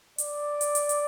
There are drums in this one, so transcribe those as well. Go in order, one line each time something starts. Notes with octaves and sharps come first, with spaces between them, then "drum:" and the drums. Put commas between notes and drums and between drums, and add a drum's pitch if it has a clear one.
D5, drum: hi-hat
drum: hi-hat
drum: hi-hat
drum: hi-hat